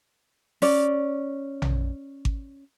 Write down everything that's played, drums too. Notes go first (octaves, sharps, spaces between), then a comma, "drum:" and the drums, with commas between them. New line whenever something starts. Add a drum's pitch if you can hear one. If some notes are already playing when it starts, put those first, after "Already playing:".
C#4 D5, drum: open hi-hat
drum: tom A#1
drum: kick G#1